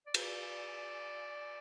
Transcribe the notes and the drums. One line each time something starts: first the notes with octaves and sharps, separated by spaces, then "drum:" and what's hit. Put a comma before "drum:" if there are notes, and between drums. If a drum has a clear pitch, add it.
D5
C5, drum: cymbal
D5